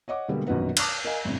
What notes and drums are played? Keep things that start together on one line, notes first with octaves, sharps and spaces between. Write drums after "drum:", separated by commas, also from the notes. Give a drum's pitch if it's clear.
C#5 D#5 F#5 D6
B2 D3 G3 G#3 A#3 B3
A#1 F#2 B2 D#3 B4 F#5
A5 D6 D#6 F6 F#6, drum: cymbal
A#4 D#5 F5 G#5
G1 A2 C3